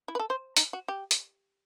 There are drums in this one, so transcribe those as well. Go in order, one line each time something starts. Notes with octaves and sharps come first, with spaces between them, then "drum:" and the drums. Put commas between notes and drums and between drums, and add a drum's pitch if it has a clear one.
E4
B4
A4
C5
D#4, drum: hi-hat
F#4
G4
drum: hi-hat